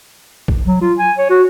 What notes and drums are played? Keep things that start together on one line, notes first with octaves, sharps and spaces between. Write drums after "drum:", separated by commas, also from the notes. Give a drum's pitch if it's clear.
drum: kick A#1
F#3
F4
G#5
C#5
F#4